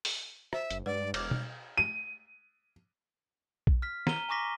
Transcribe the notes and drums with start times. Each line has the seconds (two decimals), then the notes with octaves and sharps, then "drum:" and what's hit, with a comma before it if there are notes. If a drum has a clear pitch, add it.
0.05 drum: open hi-hat
0.53 C5 E5, drum: rim click
0.71 F#1, drum: hi-hat
0.86 G2 G#3 B4 D5 F#5
1.14 E1 C#5 D6 F6, drum: cymbal
1.31 drum: tom B2
1.77 D#7
3.67 drum: kick A#1
3.82 F6 B6
4.07 A#5 D#7 G7, drum: snare
4.29 G#5 A#5 C#6 D6 A#6 B6